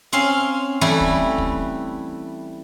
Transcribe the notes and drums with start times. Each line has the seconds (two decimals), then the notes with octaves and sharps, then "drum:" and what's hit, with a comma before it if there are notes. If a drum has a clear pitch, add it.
0.13 C4 C#4 F5 C6
0.81 E3 G3 A3 E4
1.00 drum: kick
1.38 drum: kick